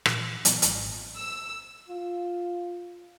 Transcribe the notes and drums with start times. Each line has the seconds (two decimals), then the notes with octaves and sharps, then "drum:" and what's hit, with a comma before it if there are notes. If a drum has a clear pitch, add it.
0.06 A#2 E3 F3, drum: rim click
0.45 A#2 E3 F#3 B3, drum: hi-hat
0.62 G#1, drum: hi-hat
1.17 E6
1.89 F4